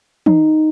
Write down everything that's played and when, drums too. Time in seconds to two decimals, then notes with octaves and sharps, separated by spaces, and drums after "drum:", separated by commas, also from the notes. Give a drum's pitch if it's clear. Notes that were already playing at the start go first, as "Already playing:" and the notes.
0.26 D#4, drum: tom